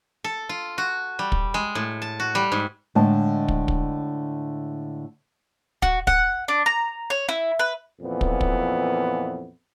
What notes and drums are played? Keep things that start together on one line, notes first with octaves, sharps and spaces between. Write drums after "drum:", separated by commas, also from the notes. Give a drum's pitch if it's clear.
A4
F4
F#4
G3
drum: kick
G#3
A2
A5
F#4
G3
G#2
A2 D3 G#3 D#5 A5
drum: kick
drum: kick
F#4, drum: kick
F#5, drum: kick
D4
A#5
C#5
E4
B4
F2 A#2 E3 B3
drum: kick
drum: kick